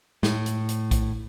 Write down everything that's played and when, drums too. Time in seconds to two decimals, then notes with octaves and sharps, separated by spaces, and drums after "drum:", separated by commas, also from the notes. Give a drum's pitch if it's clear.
0.23 A2, drum: snare
0.46 drum: hi-hat
0.69 drum: hi-hat
0.91 drum: kick A#1, hi-hat